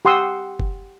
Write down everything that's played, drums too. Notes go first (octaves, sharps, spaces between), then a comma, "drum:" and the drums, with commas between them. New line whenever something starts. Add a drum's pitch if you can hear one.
G4 F#5 C6 D#6 E6
drum: kick